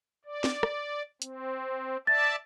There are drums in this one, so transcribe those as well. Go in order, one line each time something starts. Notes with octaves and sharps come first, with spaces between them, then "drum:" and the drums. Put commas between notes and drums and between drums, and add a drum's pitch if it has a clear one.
D5
drum: snare
drum: rim click
C4, drum: hi-hat
D5 E5 A5 A6